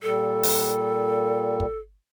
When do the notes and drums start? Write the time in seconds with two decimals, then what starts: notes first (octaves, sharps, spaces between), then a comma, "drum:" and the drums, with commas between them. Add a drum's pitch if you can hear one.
0.03 A#2 G3 A4
0.43 drum: open hi-hat
1.60 drum: kick